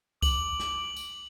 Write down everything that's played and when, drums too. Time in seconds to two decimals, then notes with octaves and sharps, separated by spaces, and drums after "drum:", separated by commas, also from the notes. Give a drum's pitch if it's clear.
0.22 D6 F#7, drum: kick, tambourine
0.59 drum: snare
0.96 drum: tambourine